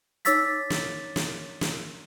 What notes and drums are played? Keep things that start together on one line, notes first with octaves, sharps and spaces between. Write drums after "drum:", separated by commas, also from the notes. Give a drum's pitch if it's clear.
D#4 C#5 D6 E6 A6 B6, drum: hi-hat
drum: snare
drum: snare
drum: snare